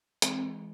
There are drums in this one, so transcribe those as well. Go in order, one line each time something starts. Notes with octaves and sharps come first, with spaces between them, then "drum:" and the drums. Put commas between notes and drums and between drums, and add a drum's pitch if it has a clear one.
E3 G#3 C4, drum: hi-hat